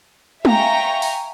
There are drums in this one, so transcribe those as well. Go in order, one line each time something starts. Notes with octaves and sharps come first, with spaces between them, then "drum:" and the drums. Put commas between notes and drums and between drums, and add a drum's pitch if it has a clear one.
E5 F5 G5 G#5 A#5 C#6, drum: tom G#3
drum: open hi-hat